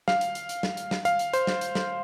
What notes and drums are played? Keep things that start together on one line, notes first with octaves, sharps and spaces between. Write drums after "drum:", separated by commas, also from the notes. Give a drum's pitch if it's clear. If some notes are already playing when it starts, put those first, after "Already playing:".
F5, drum: snare
drum: hi-hat
drum: hi-hat
drum: hi-hat
drum: snare
drum: hi-hat
drum: snare
F5, drum: hi-hat
drum: hi-hat
C5, drum: hi-hat
drum: snare
drum: hi-hat
drum: snare